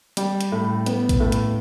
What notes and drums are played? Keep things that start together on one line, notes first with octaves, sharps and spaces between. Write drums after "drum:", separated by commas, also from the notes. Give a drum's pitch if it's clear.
G3, drum: hi-hat
drum: hi-hat
A2
B3, drum: hi-hat
drum: kick, hi-hat
A2
drum: hi-hat